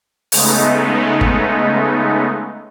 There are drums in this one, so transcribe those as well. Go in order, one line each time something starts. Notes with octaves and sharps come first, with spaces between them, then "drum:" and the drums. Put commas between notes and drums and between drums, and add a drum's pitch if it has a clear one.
C#3 G#3 A3 B3 D#4, drum: open hi-hat
drum: kick